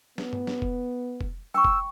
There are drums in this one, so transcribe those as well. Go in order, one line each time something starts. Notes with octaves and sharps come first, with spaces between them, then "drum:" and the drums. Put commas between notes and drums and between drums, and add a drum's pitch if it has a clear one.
B3, drum: snare
drum: tom G2
drum: snare
drum: kick F1
drum: kick F1
G5 C#6 E6
drum: kick F1